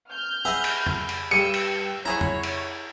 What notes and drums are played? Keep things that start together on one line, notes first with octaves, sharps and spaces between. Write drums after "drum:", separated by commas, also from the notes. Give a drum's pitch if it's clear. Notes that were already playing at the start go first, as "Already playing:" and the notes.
F6 G6
G#4 B4 D#5 E5 F#5
drum: cymbal
drum: tom F2
drum: cymbal
G2 G5 E6 C#7 D#7
drum: cymbal
E4 G#4 C#5 F#5 A#5 B5
drum: tom F2
drum: cymbal